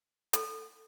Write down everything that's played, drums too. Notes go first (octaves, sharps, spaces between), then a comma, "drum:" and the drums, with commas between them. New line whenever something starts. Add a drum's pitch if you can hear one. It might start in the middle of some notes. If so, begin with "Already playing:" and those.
A4, drum: hi-hat